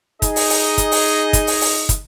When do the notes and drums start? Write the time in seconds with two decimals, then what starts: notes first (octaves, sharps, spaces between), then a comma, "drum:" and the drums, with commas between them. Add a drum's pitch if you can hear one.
0.22 D#4 G#4 D#5, drum: kick, hi-hat
0.36 drum: open hi-hat
0.50 drum: open hi-hat
0.78 drum: kick, hi-hat
0.92 drum: open hi-hat
1.33 drum: kick, hi-hat
1.47 drum: open hi-hat
1.61 drum: open hi-hat
1.89 drum: kick, hi-hat